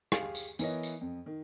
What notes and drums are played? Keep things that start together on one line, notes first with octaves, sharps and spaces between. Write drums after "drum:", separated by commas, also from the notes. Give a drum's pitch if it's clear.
G4 G#4 F5, drum: rim click
drum: tambourine
E3 B3 A#4 C#5 D#5, drum: tambourine
drum: tambourine
F2
D#3